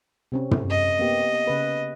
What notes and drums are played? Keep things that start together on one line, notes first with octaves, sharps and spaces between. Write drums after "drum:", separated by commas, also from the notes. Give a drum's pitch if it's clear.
C3 C4 C#4
drum: tom
D#5
A#3 B3 G4
C#3 B4